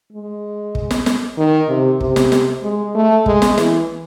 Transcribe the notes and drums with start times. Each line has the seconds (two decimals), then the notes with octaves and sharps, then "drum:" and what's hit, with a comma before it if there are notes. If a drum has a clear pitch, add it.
0.13 G#3
0.75 drum: kick
0.91 drum: snare
1.06 drum: snare
1.38 D#3
1.69 C3
2.00 C3, drum: kick
2.16 drum: snare
2.32 drum: snare
2.63 G#3
2.95 A3
3.26 G#3, drum: kick
3.42 drum: snare
3.58 E3, drum: snare